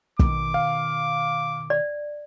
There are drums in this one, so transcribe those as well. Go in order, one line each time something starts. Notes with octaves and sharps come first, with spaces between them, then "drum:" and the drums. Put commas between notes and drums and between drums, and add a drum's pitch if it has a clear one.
B2 D#3 D6, drum: kick
F5
D5